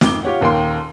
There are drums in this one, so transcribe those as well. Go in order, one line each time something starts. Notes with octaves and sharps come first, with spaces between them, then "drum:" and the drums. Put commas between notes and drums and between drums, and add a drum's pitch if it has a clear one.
G#1 F2 D6 G7, drum: snare
F4 G4 C#5 F#5
D#1 D#2 A#3 F5 G5 C6